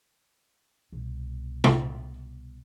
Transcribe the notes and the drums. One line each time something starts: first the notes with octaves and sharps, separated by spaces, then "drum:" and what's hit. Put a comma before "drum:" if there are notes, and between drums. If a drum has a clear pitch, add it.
C2 B2
drum: tom